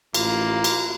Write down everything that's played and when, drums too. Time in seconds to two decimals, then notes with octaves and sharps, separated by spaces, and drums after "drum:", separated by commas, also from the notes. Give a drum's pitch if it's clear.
0.14 A1 A#3 D#4 F4, drum: cymbal
0.64 drum: cymbal